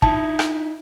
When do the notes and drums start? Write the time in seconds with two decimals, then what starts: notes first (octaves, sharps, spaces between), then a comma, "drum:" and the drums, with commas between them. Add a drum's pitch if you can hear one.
0.02 D#4 E4 A5, drum: kick
0.39 drum: rim click